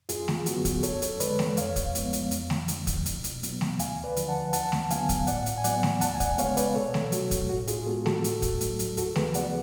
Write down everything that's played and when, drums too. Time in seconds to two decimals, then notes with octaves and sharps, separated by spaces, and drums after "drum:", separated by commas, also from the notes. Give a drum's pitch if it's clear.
0.09 F#2 F4 G#4, drum: hi-hat
0.28 drum: snare A3
0.46 D3 F#3 B3 F#4, drum: hi-hat
0.65 drum: kick, hi-hat
0.83 F#2 A4 C#5, drum: hi-hat
1.02 drum: hi-hat
1.20 D3 G#3 B4 D5, drum: hi-hat
1.39 drum: snare A3
1.57 F2 C#5 F5, drum: hi-hat
1.76 drum: kick, hi-hat
1.95 F3 G#3 B3, drum: hi-hat
2.13 drum: hi-hat
2.31 F2, drum: hi-hat
2.50 drum: snare A3
2.68 D3 F3, drum: hi-hat
2.87 drum: kick, hi-hat
3.06 B2, drum: hi-hat
3.24 drum: hi-hat
3.43 F#3 B3, drum: hi-hat
3.61 drum: snare A3
3.79 D2 F5 G#5, drum: hi-hat
4.04 B4 D5
4.16 D3 F3, drum: hi-hat
4.28 F#5 A5
4.53 D2 F#5 A5, drum: hi-hat
4.72 drum: snare A3
4.90 D3 F#3 B3 F5 G#5, drum: hi-hat
5.09 drum: kick, hi-hat
5.27 A2 D5 F#5, drum: hi-hat
5.46 drum: hi-hat
5.58 G#5
5.64 F#3 B3 D5 F#5, drum: hi-hat
5.83 drum: snare A3
6.01 C#2 F#5 A5, drum: hi-hat
6.15 G#5
6.20 D5 F#5, drum: kick, hi-hat
6.38 C#3 G#3 B3 C#5 F5, drum: hi-hat
6.57 B4 D5, drum: hi-hat
6.75 B2 A4 C#5
6.94 drum: snare A3
7.12 F#3 A3 F#4, drum: hi-hat
7.31 drum: kick, hi-hat
7.49 A2 F#4
7.67 F4 G#4, drum: hi-hat
7.86 G#3 B3 F#4 A4
8.06 F#4 A4, drum: snare A3
8.24 A2, drum: hi-hat
8.42 drum: kick, hi-hat
8.61 F#3 A3, drum: hi-hat
8.79 drum: hi-hat
8.97 D2 F#4 A4, drum: hi-hat
9.16 G#4 B4, drum: snare A3
9.34 C#3 F3 B3 D5 F#5, drum: hi-hat